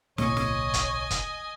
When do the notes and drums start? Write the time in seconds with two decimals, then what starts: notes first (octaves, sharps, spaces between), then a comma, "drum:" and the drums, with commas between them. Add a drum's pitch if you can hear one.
0.18 D1 B1 A#3 C#5 D#5 G#5 C#6, drum: snare
0.37 drum: snare
0.74 drum: kick, hi-hat
1.11 drum: kick, hi-hat